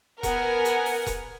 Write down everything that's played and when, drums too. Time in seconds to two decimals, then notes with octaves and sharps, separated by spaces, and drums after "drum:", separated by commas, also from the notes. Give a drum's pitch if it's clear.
0.23 B3 A#4 F#5 G#5, drum: kick E1, hi-hat
0.65 drum: hi-hat
0.86 drum: open hi-hat
1.07 drum: kick E1, hi-hat